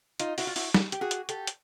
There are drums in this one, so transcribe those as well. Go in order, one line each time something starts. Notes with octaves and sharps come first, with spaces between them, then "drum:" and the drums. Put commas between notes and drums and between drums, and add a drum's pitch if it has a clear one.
D#4 F4, drum: hi-hat
E4 F#4, drum: open hi-hat
F4
E4 F#4, drum: open hi-hat
drum: snare
G4, drum: hi-hat
F#4 G#4
drum: hi-hat
G4 A4, drum: hi-hat
drum: hi-hat